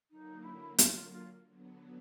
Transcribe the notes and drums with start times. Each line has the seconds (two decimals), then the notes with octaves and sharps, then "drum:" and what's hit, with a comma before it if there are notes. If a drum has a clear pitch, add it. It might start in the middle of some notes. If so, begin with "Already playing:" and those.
0.11 D3 F#3 A#3 D#4
0.44 E4
0.78 F4, drum: hi-hat
0.95 F4
1.11 F4
1.45 D3 F#3 B3